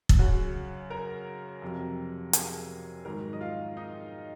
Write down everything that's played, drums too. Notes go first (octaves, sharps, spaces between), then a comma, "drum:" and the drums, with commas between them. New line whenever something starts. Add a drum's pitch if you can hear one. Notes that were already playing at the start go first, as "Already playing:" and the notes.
drum: kick
F#2 C#3 F#3 F#4 F#5
A#4 A#5
F2 C3 F#3
G#4 G#5, drum: hi-hat
G#2 D#3 F#3 A#4 A#5
D#5
F4 F5
D#4 D#5